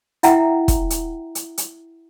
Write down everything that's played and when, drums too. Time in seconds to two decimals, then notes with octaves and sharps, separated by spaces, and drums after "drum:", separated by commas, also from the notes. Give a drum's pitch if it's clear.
0.23 E4 E5 F#5 G5 A#5, drum: hi-hat
0.68 drum: kick, hi-hat
0.90 drum: hi-hat
1.35 drum: hi-hat
1.58 drum: hi-hat